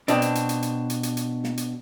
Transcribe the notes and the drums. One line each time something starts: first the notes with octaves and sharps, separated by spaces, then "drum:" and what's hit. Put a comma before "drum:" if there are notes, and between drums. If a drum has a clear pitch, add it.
B2 C4 D4, drum: hi-hat
drum: hi-hat
drum: hi-hat
drum: hi-hat
drum: hi-hat
drum: hi-hat
drum: hi-hat
drum: hi-hat
drum: snare
drum: hi-hat